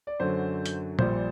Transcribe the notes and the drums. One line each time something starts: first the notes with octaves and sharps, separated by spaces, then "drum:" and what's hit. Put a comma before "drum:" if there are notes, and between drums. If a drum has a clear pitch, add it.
D5
F#2 D3 F#3 C5
drum: hi-hat
A#1 A#2 G3 C5, drum: tom A#2